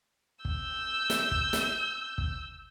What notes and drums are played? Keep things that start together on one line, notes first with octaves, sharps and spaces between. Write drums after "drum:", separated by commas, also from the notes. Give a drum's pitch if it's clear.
E6 G6, drum: kick
drum: snare
drum: kick
drum: snare
drum: kick